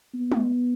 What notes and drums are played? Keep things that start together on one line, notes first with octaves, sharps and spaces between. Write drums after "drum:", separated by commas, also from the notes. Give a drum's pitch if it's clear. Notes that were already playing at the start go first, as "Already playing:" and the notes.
B3
drum: tom